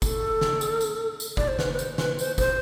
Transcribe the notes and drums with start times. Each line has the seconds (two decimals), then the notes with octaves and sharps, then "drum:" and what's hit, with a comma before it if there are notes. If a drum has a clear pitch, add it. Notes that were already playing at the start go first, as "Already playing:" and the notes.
0.02 A4, drum: kick F#1, tambourine
0.41 drum: snare
0.61 drum: tambourine
0.81 drum: tambourine
1.20 drum: tambourine
1.37 D5, drum: kick F#1
1.48 C5
1.59 B4, drum: snare
1.73 B4
1.79 C5, drum: tambourine
1.98 B4, drum: snare
2.19 C5, drum: tambourine
2.38 C5, drum: kick F#1, tambourine